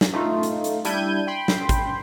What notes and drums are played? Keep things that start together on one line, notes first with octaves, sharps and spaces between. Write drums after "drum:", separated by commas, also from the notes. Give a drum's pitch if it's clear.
drum: snare
A3 D#4 F4
drum: hi-hat
drum: hi-hat
G3 D4 E4 G6 G#6 D#7, drum: hi-hat
G5 B5 C6
drum: snare
drum: kick G#1, hi-hat